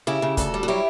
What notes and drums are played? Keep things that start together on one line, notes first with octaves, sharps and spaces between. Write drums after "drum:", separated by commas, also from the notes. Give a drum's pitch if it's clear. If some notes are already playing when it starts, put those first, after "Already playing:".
C#3 E4 G4
C#3
D2 F#4 A4, drum: kick, hi-hat
G3
F#4
F#3 E4 G4